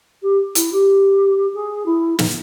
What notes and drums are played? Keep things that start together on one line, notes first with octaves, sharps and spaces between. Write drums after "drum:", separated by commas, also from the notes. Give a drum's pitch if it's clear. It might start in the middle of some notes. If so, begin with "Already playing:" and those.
G4
E4, drum: hi-hat
G4
G#4
E4
D#4, drum: snare